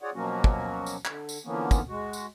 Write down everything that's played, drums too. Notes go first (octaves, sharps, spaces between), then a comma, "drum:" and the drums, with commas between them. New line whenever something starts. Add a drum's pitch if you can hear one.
F4 F#4 G#4 C#5 D5 F#5
B2 F3 F#3 A#3 C#4 F#4
drum: kick
drum: tambourine
D3, drum: clap
drum: tambourine
D3 E3 F3 A#3 B3 C#4
drum: kick, tambourine
G#3 F#4
drum: tambourine